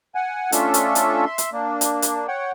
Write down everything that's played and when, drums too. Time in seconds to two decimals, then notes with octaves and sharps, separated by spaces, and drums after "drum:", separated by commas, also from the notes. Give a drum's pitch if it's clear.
0.15 F#5 G#5
0.52 A3 C#4 D4 F4 A4 E5, drum: hi-hat
0.74 drum: hi-hat
0.95 drum: hi-hat
1.25 E5 C6
1.38 drum: hi-hat
1.53 A#3 D4
1.81 drum: hi-hat
2.02 drum: hi-hat
2.28 C#5 F#5 G5